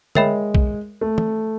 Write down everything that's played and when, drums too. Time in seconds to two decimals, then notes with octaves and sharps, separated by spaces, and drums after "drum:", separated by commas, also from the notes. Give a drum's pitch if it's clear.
0.15 G#3 A#4 C#5 E5 G5 B5, drum: tom D3
0.55 drum: kick B1
1.01 A3
1.18 drum: tom